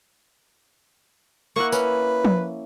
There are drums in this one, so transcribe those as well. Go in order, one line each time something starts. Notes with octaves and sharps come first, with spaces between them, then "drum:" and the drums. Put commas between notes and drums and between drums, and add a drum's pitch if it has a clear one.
A#3 E4 F#5 C#6
C#4 B4, drum: tambourine
drum: tom F3